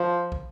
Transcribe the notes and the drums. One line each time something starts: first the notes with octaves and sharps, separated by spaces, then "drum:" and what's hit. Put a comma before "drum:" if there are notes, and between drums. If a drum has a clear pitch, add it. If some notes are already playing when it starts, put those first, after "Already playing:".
Already playing: F3
drum: kick